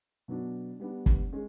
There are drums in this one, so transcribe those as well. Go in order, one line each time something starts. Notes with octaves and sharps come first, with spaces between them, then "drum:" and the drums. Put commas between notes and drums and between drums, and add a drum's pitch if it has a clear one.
B2 F#3 B3 D4
G3 B3 D4
drum: kick
G#3 C#4